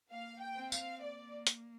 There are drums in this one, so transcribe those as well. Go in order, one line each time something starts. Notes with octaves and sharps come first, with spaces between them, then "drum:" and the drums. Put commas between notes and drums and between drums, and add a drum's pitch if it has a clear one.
A#3 F5
G5
C4
F5, drum: tambourine
A#3 D5
drum: hi-hat